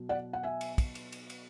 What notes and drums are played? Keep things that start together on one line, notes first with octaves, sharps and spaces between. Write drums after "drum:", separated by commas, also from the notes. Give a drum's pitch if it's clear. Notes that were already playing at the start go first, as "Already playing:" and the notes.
Already playing: B2 F#3
D5 F#5
F#5
E5 G#5
drum: cymbal
drum: kick, cymbal
drum: cymbal
drum: cymbal
drum: cymbal